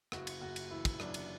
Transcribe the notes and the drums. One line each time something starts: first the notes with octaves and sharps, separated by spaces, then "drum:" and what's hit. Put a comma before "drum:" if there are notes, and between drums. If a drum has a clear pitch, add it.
F#1 F#4, drum: rim click
drum: cymbal
F#1 F#4
drum: cymbal
E3 E4
drum: kick, cymbal
F#2 D4, drum: rim click
drum: cymbal